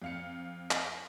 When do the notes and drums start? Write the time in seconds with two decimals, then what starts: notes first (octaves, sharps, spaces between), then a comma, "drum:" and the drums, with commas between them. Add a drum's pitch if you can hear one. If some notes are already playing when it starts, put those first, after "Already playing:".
0.02 F2 F5 C#7
0.71 drum: clap